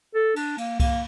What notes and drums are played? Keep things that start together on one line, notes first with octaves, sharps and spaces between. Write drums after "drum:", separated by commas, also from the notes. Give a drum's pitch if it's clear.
A4
D4, drum: cymbal
A#3, drum: cymbal
A#3, drum: kick C2, cymbal